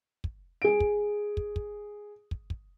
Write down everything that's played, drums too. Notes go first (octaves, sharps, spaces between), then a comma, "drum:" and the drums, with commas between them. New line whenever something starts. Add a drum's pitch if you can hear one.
drum: kick
G#4 D7
drum: kick
drum: kick
drum: kick
drum: kick
drum: kick